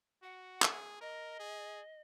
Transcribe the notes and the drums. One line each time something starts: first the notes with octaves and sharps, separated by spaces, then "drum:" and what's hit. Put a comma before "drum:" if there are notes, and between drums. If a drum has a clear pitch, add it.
F#4 F#5
G#4, drum: clap
A#4 D#5
G#4